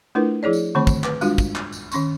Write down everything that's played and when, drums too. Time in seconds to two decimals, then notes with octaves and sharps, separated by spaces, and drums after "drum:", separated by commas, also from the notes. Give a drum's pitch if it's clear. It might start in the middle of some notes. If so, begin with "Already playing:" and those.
0.15 A3 D4 E4 F4 A#4 B4
0.43 F3 E4 G#4 C#5 D5
0.53 drum: tambourine
0.75 D3 D#3 A3 C4 B5
0.87 drum: kick, tambourine
1.04 B4 D6, drum: clap
1.21 G3 G#3 D4 F4 F#4, drum: tambourine
1.38 drum: kick, tambourine
1.55 drum: clap
1.72 drum: tambourine
1.92 D#3 C#4 C6 C#6, drum: tambourine